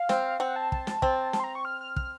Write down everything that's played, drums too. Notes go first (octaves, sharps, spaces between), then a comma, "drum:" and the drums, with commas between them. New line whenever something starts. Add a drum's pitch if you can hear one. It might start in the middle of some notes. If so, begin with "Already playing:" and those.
Already playing: F5
C4, drum: snare
C4 F#5
A5
A5, drum: kick
drum: snare
C4, drum: kick
A5, drum: snare
C6
A#5
C#6
F6
F6
F6, drum: kick